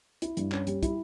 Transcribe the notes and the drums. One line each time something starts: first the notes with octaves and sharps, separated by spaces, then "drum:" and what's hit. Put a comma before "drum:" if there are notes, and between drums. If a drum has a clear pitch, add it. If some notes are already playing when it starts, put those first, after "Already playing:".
E4, drum: hi-hat
G2, drum: hi-hat
C#4, drum: clap
G3, drum: hi-hat
E4, drum: kick, hi-hat